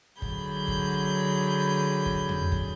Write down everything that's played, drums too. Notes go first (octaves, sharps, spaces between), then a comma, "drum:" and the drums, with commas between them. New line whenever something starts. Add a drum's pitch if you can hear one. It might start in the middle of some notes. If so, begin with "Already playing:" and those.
D3 F#3 G#4 B5 G6, drum: kick F#1
drum: kick F#1
drum: kick F#1
drum: tom
drum: kick F#1